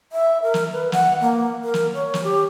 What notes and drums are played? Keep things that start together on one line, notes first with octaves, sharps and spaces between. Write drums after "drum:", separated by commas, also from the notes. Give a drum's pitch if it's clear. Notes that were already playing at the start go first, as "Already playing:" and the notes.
E5
A#4
drum: snare
B4
F#5, drum: snare
A#3
A#4
drum: snare
C#5
drum: snare
G4